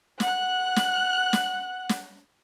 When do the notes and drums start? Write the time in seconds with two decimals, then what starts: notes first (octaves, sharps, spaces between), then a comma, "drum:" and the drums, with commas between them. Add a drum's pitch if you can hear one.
0.20 F#5 F#6, drum: snare
0.76 drum: snare
1.33 drum: snare
1.89 drum: snare